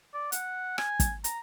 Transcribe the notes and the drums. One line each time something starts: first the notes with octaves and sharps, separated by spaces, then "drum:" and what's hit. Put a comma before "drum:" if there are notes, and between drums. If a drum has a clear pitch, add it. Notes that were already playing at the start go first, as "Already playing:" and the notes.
D5
F#5, drum: hi-hat
G#5, drum: rim click
drum: kick, hi-hat
A#5, drum: hi-hat